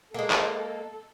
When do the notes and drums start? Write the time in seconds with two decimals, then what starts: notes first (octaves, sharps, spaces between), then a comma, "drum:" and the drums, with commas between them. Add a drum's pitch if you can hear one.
0.14 G#3 A#3 A4
0.30 drum: clap